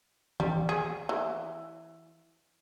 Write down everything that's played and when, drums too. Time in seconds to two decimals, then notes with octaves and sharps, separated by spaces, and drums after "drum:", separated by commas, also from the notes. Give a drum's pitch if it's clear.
0.40 G3, drum: tom E3
0.69 G#4
1.09 E3